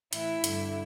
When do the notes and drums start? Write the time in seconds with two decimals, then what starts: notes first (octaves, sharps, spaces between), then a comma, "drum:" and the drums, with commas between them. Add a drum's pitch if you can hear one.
0.13 A2 E3 E4, drum: hi-hat
0.44 G2 D3, drum: hi-hat